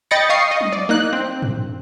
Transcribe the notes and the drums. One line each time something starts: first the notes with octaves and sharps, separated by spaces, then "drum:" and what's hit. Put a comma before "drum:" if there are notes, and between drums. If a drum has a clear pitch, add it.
D#5 G5 B5 A6 A#6 C#7
D#5 F5 C#6 D#6 C7
D#5
drum: tom F#3
D5
A#3 D#4 F#6
C4
drum: tom G2